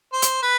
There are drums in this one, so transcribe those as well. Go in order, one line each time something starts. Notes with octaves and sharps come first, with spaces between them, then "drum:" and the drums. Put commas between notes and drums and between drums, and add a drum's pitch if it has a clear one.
C5
drum: hi-hat
B4